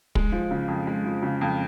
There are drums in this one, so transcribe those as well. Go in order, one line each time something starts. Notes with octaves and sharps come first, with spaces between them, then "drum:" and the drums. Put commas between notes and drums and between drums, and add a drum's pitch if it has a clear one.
G#3, drum: kick
F3
C#3
F2
G#3
F3
C#3
F2